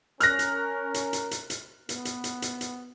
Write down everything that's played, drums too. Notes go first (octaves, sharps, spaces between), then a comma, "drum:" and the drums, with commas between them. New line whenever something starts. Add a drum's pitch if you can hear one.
C#4 A#4 F6 F#6 A#6, drum: hi-hat
drum: hi-hat
drum: hi-hat
drum: hi-hat
drum: hi-hat
drum: hi-hat
B3, drum: hi-hat
drum: hi-hat
drum: hi-hat
drum: hi-hat
drum: hi-hat